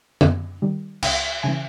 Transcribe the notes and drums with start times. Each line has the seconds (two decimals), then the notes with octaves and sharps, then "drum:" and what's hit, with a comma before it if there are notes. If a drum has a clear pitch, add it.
0.21 F#2, drum: tom
0.62 D#3 G3
1.02 C#2 G5, drum: cymbal
1.43 C#3 E3 G#5